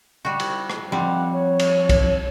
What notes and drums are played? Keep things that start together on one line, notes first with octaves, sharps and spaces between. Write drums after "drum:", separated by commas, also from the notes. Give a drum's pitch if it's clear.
G3 F#4
drum: cymbal
drum: rim click
F2 G3 C4 F#5
C#5
drum: cymbal
drum: kick, cymbal